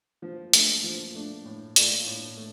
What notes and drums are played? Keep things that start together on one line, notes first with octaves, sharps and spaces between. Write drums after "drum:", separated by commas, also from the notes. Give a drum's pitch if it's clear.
F3
A3 D4, drum: hi-hat
F3
A3 D4
A2
A3 F4 A4 D5, drum: hi-hat
A2
A3